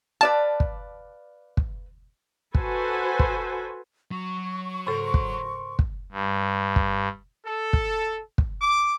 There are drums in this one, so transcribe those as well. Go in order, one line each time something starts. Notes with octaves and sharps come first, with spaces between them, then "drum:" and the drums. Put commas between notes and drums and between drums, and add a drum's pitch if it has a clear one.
B4 D5 F5 A5
drum: kick
drum: kick
F#4 A4 B4 C5 G#5, drum: kick
drum: kick
F#3 C#6
G#2 C#3 A4 A#4 C5
drum: kick
drum: kick
G2
drum: kick
A4
drum: kick
drum: kick
D6